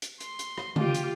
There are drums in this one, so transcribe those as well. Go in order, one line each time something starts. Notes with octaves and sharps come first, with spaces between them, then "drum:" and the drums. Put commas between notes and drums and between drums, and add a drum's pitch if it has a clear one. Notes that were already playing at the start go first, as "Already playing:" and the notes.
drum: hi-hat
C6, drum: hi-hat
drum: hi-hat
drum: rim click
F4 G4, drum: tom C#3
drum: hi-hat